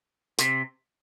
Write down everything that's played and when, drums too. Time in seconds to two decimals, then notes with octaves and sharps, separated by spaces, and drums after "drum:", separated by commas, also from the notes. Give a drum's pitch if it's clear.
0.39 C3, drum: hi-hat